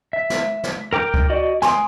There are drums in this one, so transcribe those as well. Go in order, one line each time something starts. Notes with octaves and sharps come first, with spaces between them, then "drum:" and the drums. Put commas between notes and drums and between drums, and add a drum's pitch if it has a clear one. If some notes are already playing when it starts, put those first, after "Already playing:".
E5
drum: snare
drum: snare
A#4 G5 D6 G6
drum: kick C#2
F#4 D5 D#5
G#5 C6 D6 D#6, drum: snare